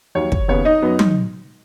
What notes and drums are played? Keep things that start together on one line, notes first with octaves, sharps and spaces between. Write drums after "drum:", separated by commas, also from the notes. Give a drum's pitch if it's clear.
D#2 D#3 F#3 C#5
drum: kick
D#2 C#3 B3 C#5
D#4 D#5
F#2 F#3 B3
drum: tom F#3